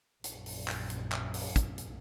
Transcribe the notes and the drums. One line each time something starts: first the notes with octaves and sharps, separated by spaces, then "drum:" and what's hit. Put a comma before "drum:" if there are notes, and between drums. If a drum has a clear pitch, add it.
A#1 F#2, drum: hi-hat
drum: open hi-hat
drum: clap
drum: hi-hat
drum: clap
drum: open hi-hat
drum: kick, hi-hat
drum: hi-hat